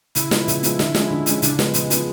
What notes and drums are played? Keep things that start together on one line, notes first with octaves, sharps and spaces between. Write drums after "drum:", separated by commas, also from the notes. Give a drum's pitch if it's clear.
C#3 E4, drum: hi-hat
F3 G#3 B3, drum: snare
C#3, drum: hi-hat
F3 G#3 B3, drum: hi-hat
D3 E4, drum: snare
F3 G#3 C#4, drum: snare
D3
F3 G#3 C#4, drum: hi-hat
C#3 D4, drum: hi-hat
F3 G#3 B3, drum: snare
C#3 G#3, drum: hi-hat
F3 G#3 B3, drum: hi-hat